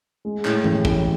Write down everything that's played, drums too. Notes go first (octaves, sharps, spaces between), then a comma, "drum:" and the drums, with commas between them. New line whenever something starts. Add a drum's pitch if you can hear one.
G#3
A2, drum: clap
A1, drum: tom G2
A1, drum: kick